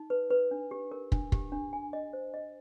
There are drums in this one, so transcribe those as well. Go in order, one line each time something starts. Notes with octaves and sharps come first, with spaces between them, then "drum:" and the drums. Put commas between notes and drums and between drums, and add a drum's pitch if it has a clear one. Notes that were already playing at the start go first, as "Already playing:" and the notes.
Already playing: D#4
B4
B4
D4
G4
A#4
D4, drum: kick
G4, drum: kick
D4
G#5
D#5
C5
D#5